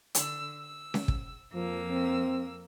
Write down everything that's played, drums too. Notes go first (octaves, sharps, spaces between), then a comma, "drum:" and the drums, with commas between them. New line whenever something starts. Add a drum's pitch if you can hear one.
D3 E6, drum: hi-hat
E6
drum: snare C#4
drum: kick
F2 F3 A#3 E6
C4